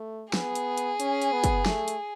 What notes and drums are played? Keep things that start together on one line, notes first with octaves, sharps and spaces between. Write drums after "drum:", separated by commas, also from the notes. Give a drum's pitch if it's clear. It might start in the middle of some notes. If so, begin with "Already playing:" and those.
Already playing: A3
B3 G#4, drum: snare
drum: hi-hat
drum: hi-hat
C#4, drum: hi-hat
drum: hi-hat
B3
drum: kick, hi-hat
A3, drum: snare
drum: hi-hat